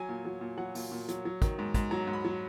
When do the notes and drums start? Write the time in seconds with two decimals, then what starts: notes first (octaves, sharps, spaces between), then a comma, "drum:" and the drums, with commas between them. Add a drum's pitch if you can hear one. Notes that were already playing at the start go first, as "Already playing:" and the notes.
Already playing: F#3 G#5
0.09 A#2
0.25 F#3
0.41 A#2
0.58 F#3 F#5
0.75 A#2, drum: open hi-hat
0.92 A#2
1.09 F#3, drum: hi-hat
1.25 F#3
1.42 D#3, drum: kick, hi-hat
1.59 G#2
1.74 G#2, drum: kick, hi-hat
1.91 F#3 A#5
2.07 G#2
2.13 B5
2.25 F#3